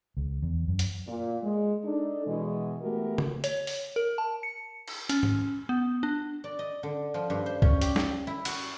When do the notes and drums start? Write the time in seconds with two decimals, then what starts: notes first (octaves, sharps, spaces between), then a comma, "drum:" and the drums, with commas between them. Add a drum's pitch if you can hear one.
0.17 C#2
0.42 E2
0.68 F#2
0.79 drum: hi-hat
1.08 A#2
1.43 G#3
1.84 D4 D#4 A4
2.26 B2 E3 G#3
2.83 E3 A3 B3 F#4 G4 A#4
3.18 drum: tom C#3
3.44 C#5, drum: hi-hat
3.67 drum: open hi-hat
3.96 A#4
4.18 A5
4.43 C#7
4.88 drum: cymbal
5.09 C#4, drum: hi-hat
5.23 drum: tom G#2
5.69 B3
6.03 D4
6.44 D5
6.59 D#5
6.83 D3
7.14 F3
7.30 G2
7.46 C5
7.62 C#4, drum: kick
7.82 G4, drum: hi-hat
7.96 drum: snare
8.27 E4
8.45 F#4, drum: cymbal